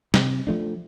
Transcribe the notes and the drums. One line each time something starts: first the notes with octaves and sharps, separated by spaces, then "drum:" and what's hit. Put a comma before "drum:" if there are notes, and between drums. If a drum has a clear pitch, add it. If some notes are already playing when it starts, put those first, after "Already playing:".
C3, drum: snare
F3 A3 D4